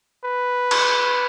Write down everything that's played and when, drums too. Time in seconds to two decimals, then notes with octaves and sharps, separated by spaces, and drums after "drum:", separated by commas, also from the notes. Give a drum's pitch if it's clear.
0.24 B4
0.71 drum: cymbal